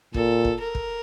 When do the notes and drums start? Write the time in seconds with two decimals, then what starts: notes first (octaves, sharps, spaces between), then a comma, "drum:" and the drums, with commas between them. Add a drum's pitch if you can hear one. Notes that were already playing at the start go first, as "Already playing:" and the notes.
0.14 A#2 A4, drum: kick
0.45 drum: kick
0.60 A#4
0.75 drum: kick